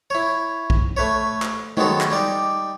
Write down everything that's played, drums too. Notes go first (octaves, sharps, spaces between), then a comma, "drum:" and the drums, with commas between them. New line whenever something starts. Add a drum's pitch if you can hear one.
E4 C#5
drum: kick A#1
A3 B4 C#5
drum: clap
D#3 F#3 G#3 B3 F#4 A4, drum: tom G#3
drum: clap
G3 D#4 D5